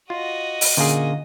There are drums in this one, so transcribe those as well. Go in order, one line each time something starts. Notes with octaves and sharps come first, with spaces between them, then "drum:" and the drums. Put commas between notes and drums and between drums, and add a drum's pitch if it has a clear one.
F4 F#4 D#5
drum: open hi-hat
A#2 D3 C#4 G#4 F5